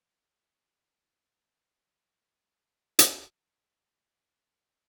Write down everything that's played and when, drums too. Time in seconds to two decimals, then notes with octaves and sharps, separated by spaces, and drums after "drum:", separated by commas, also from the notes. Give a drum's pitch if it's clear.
0.18 C#4
0.50 C#4 A5
0.95 C4 F4 C5
1.25 C4 D5 C#6
1.57 G#5
2.48 C#4 D4 F#4 A4 A#4 C#5
2.99 drum: hi-hat